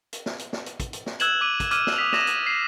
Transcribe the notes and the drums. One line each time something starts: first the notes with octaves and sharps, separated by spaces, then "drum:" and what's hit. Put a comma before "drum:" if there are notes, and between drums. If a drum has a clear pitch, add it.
drum: hi-hat
drum: snare
drum: hi-hat
drum: snare
drum: hi-hat
drum: kick, hi-hat
drum: hi-hat
drum: snare
E6 F#6 G#6 E7 F#7, drum: hi-hat
D6 D#7
drum: kick, hi-hat
D6 F6 G#6 D#7, drum: hi-hat
drum: snare
D#6 B6 F7
D6 A#6 E7 F7, drum: snare
drum: hi-hat
C7